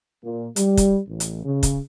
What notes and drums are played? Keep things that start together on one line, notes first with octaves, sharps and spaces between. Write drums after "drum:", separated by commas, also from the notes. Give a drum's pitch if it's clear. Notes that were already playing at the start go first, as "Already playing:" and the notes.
A#2
G3, drum: hi-hat
drum: kick, hi-hat
A1
drum: hi-hat
C#3
drum: kick, hi-hat